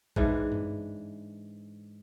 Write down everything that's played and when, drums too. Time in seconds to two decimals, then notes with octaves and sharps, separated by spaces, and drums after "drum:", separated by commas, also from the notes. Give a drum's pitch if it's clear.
0.16 G#2 E3 D4, drum: kick G#1
0.52 drum: tom G2